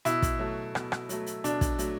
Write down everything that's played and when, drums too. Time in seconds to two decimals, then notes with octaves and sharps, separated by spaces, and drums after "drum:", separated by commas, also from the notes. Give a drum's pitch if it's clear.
0.05 B2 E4, drum: hi-hat
0.22 drum: kick, hi-hat
0.39 F#3 A3
0.75 B2, drum: rim click
0.92 drum: rim click
1.09 F#3 A3, drum: hi-hat
1.26 drum: hi-hat
1.44 B2 D4, drum: hi-hat
1.61 drum: kick, hi-hat
1.79 F#3 A3, drum: hi-hat